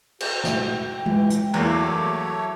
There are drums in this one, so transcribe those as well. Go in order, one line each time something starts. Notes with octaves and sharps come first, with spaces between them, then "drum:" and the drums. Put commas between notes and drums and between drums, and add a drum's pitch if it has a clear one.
F#4 G5, drum: cymbal
drum: snare
E3, drum: tom G#3
drum: hi-hat
E2 F#3 A3 A#3 C#5 D6, drum: cymbal